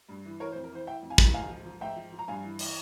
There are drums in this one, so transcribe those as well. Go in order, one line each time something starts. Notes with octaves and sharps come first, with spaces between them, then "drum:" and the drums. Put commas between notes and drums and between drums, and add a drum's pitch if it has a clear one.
G2
E3
E3 A#4 C#5
C5
F2
A#4
E3 C5
E3 E5 G5
F2
F5 G#5
E3, drum: kick
G#2 F5 G#5
F3
F3
G#2 E5 G5
F3
F3
A#5
G2 F5 G#5
E3
E3, drum: open hi-hat